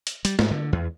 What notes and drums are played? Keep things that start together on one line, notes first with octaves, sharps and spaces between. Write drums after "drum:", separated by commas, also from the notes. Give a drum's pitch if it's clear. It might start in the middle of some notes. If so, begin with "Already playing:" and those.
drum: hi-hat
G3, drum: hi-hat
G#2, drum: snare
D3
E2